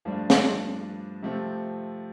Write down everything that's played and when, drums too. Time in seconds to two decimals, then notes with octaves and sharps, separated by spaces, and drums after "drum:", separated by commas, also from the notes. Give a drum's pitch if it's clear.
0.05 G2 F3 A3 D4
0.30 drum: snare
1.22 C3 F3 A3 C4